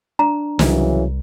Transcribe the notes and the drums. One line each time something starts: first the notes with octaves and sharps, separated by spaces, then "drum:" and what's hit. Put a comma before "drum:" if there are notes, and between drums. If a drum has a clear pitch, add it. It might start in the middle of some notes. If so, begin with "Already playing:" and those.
D4 A#5
C2 C#3 E3 F#3, drum: snare